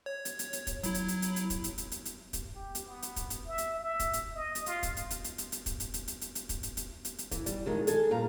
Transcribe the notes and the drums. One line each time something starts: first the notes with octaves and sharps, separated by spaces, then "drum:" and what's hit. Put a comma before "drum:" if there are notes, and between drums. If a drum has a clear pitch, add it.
C#5
drum: hi-hat
drum: hi-hat
drum: hi-hat
drum: kick, hi-hat
F#3 E4, drum: hi-hat
drum: hi-hat
drum: hi-hat
drum: hi-hat
drum: hi-hat
drum: kick, hi-hat
drum: hi-hat
drum: hi-hat
drum: hi-hat
drum: hi-hat
drum: kick, hi-hat
G4
drum: hi-hat
B3
drum: hi-hat
drum: kick, hi-hat
drum: hi-hat
E5
drum: hi-hat
E5
drum: kick, hi-hat
drum: hi-hat
D#5
drum: hi-hat
F4, drum: hi-hat
drum: kick, hi-hat
drum: hi-hat
drum: hi-hat
drum: hi-hat
drum: hi-hat
drum: hi-hat
drum: kick, hi-hat
drum: hi-hat
drum: hi-hat
drum: hi-hat
drum: hi-hat
drum: hi-hat
drum: kick, hi-hat
drum: hi-hat
drum: hi-hat
drum: hi-hat
drum: hi-hat
E3, drum: kick, hi-hat
G3, drum: hi-hat
F2 D#3 G#3
G#4 A4 G#5, drum: hi-hat
G2 A#2 F5 A#5